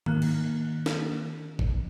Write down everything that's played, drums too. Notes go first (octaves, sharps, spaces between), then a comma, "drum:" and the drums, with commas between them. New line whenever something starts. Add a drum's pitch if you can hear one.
D#3 A#3 F#6, drum: tom
drum: cymbal
drum: snare
drum: kick